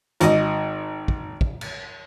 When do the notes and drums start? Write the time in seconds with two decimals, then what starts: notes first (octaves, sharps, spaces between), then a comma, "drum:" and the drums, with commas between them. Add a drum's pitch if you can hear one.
0.20 G#1 D#5, drum: hi-hat
1.08 drum: kick
1.41 drum: kick
1.61 drum: cymbal